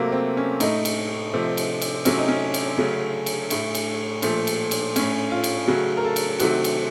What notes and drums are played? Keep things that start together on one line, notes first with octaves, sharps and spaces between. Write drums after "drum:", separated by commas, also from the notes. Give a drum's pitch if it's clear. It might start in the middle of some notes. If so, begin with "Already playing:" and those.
Already playing: C3 F#3 A3 A#3
C4
C#4
A2 A3 D#4, drum: cymbal
drum: cymbal
C3 F3 A3
drum: cymbal
drum: cymbal
C3 F#3 A3 C#4, drum: cymbal
D#4
C#4
drum: cymbal
C#3 F#3 A3
drum: cymbal
A2 A3, drum: cymbal
drum: cymbal
A#2 F3 A3, drum: cymbal
drum: cymbal
drum: cymbal
A2 A3 C#4, drum: cymbal
F4
drum: cymbal
C#3 F#3 A3 F#4
A#4
A4
drum: cymbal
C3 D#3 F#3 A3 F#4, drum: cymbal
drum: cymbal